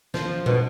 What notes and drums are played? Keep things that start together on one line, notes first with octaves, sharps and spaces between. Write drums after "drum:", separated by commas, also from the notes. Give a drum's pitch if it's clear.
F3, drum: snare
B2, drum: tom A#2